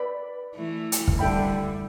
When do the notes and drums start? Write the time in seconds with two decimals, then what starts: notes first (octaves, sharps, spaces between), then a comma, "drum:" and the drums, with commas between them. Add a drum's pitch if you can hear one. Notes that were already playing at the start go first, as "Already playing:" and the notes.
Already playing: B4 D5 B5
0.55 E3 A3
0.92 drum: hi-hat
1.08 drum: kick
1.19 D3 G3 D4 A4 E5 G5 B5